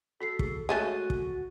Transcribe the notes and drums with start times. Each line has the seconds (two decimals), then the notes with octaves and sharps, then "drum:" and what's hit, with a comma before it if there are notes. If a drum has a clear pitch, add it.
0.20 F#4 A4 B6 C7
0.39 G#4, drum: kick
0.69 G#3 A3 C#4 F#4 F#6 A6 D#7
1.10 drum: kick